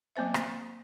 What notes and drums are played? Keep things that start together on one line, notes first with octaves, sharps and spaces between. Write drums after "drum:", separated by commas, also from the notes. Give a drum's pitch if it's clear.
F#3 A#3 C4 C5 E5
drum: rim click